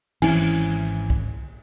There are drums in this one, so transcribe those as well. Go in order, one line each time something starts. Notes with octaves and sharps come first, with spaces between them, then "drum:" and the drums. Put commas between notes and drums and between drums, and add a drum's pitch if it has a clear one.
G#1 E3 C4 C#4 G#5, drum: cymbal
drum: kick